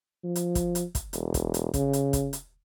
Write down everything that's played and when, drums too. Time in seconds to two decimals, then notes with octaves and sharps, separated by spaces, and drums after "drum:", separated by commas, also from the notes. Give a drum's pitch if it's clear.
0.24 F3
0.36 drum: hi-hat
0.55 drum: kick, hi-hat
0.75 drum: hi-hat
0.95 drum: kick, hi-hat
1.13 E1, drum: hi-hat
1.34 drum: kick, hi-hat
1.54 drum: hi-hat
1.74 C#3, drum: kick, hi-hat
1.93 drum: hi-hat
2.13 drum: kick, hi-hat
2.33 drum: hi-hat